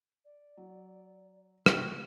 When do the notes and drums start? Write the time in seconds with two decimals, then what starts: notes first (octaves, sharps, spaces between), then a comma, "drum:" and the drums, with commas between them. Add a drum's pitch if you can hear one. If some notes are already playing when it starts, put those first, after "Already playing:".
0.24 D5
0.57 F#3
1.66 B2 F#4 G5, drum: rim click